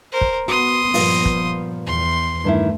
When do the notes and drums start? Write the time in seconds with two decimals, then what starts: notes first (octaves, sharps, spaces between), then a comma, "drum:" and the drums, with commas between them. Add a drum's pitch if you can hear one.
0.12 A#4 C5
0.21 drum: kick
0.48 B3 F#4 C6 D#6
0.94 G2 A#2 F3 B3 F4, drum: open hi-hat
1.25 drum: kick
1.86 E2 C6
2.44 G2 D#3 A3 E4